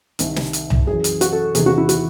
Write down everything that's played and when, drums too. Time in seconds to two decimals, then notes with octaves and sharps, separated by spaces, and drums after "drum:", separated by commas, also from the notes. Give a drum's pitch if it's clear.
0.19 C2 C3 D#3, drum: hi-hat
0.36 drum: snare
0.53 drum: hi-hat
0.70 drum: tom C2
0.87 F#2 E3 G#4
1.04 drum: hi-hat
1.21 F#4, drum: hi-hat
1.32 A4
1.55 E2 C3 D#3 G#4, drum: hi-hat
1.66 F#4
1.78 E4
1.89 F#4, drum: hi-hat